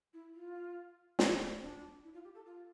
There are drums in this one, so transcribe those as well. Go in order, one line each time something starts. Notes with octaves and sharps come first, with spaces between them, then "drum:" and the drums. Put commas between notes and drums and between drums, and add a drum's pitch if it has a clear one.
E4
F4
drum: snare
D4
E4
F4
G4
A4
F4